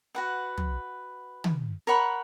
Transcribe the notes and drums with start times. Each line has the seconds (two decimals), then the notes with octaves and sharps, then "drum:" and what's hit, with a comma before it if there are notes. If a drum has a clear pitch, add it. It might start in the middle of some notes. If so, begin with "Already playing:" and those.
0.15 F#4 B4 F#5
0.58 drum: tom
1.44 drum: tom
1.87 A#4 C#5 F#5 B5